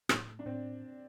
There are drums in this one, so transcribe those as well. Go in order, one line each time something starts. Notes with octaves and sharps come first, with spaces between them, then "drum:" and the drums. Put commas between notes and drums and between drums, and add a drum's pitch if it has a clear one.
A2, drum: rim click
A3
D4
A2 C4